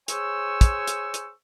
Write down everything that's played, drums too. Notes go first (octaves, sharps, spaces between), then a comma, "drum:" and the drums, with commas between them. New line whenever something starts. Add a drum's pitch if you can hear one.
G#4 C5 C#5 G#5 C#6 E6, drum: hi-hat
drum: kick, hi-hat
drum: hi-hat
drum: hi-hat